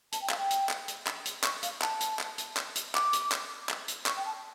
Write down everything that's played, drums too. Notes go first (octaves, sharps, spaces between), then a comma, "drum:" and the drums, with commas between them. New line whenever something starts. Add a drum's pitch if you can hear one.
A5, drum: hi-hat
G5
F5, drum: clap
G5
drum: hi-hat
drum: clap
drum: hi-hat
drum: clap
drum: hi-hat
C#6, drum: clap
F5, drum: hi-hat
A5, drum: clap
drum: hi-hat
drum: clap
drum: hi-hat
drum: clap
drum: hi-hat
D6, drum: clap
drum: hi-hat
drum: clap
drum: clap
drum: hi-hat
C#6, drum: clap
G5
A5